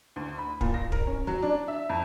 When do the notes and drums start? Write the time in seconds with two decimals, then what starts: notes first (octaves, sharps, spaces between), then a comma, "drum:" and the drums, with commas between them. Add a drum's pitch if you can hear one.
0.16 D2
0.38 B5
0.61 A#2, drum: kick
0.74 A#6
0.92 A#4, drum: kick
1.07 C#4
1.27 F#3
1.42 D4
1.68 E5
1.89 F2